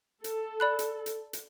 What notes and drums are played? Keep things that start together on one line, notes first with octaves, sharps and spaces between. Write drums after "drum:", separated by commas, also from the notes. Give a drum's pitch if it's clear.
A4, drum: hi-hat
D5 B5 F#6
drum: hi-hat
drum: hi-hat
drum: hi-hat